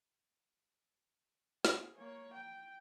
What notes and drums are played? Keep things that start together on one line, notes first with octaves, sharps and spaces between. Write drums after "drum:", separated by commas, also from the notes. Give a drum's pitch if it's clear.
G#4, drum: snare
A#3 C#5
G5